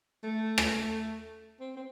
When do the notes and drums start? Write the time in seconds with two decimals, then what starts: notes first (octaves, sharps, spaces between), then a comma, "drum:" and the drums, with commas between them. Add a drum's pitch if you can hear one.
0.23 A3
0.58 drum: rim click
1.60 C4
1.77 C4